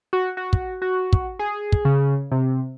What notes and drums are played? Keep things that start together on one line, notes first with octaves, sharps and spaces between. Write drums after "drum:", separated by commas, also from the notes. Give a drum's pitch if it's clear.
F#4
F#4
drum: kick
F#4
drum: kick
G#4
drum: kick
C#3
C3